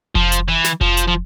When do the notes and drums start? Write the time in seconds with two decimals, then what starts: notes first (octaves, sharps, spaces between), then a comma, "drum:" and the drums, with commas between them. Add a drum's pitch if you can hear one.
0.15 F3, drum: kick F1
0.32 drum: hi-hat
0.48 E3
0.64 drum: snare
0.81 F3, drum: kick F1
0.97 drum: hi-hat
1.07 F3